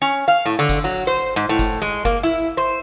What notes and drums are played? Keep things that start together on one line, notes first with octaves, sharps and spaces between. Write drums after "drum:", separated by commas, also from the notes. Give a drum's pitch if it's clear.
C#4
F5
A2
D3
drum: kick, hi-hat
F#3
C5
G#2
A2
drum: kick, hi-hat
G#3
A#3, drum: kick
E4
C5